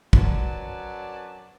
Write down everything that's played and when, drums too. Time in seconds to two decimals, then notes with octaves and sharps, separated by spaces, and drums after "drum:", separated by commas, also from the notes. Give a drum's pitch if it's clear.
0.13 F#2 F#3 B4 D5 A5, drum: kick